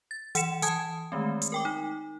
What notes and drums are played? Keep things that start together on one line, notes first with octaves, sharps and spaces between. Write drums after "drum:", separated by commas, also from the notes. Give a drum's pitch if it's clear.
A6
E3 F#5 C#7 E7, drum: hi-hat
E3 G#5 A5 D#6 G#6, drum: hi-hat
D#3 G#3 A3 C4
drum: hi-hat
A#4 G5 D6
D#4